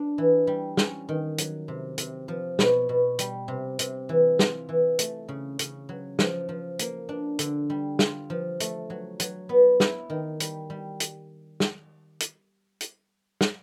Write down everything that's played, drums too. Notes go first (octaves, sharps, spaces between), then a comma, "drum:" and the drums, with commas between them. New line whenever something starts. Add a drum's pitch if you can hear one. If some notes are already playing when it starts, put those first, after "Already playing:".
Already playing: D4
E3
G3
C#4, drum: snare
D#3
F#3, drum: hi-hat
C3
C3, drum: hi-hat
F3
B2, drum: snare
B2
G3, drum: hi-hat
C3
C3, drum: hi-hat
E3
F4, drum: snare
E3
A3, drum: hi-hat
C#3
C#3, drum: hi-hat
F#3
F3, drum: snare
F3
A#3, drum: hi-hat
D4
D3, drum: hi-hat
G3
F4, drum: snare
F3
A3, drum: hi-hat
F#3
F#3, drum: hi-hat
B3
E4, drum: snare
D#3
G3, drum: hi-hat
G3
drum: hi-hat
drum: snare
drum: hi-hat
drum: hi-hat
drum: snare